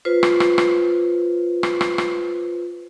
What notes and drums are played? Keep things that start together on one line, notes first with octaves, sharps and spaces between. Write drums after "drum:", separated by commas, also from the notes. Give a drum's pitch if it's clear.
F4 B4 C5
drum: rim click
drum: rim click
drum: rim click
drum: rim click
drum: rim click
drum: rim click